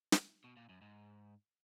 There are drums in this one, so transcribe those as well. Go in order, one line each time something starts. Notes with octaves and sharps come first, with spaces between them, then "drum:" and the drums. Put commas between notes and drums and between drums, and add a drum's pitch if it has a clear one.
drum: snare
B2
A#2
F#2
G#2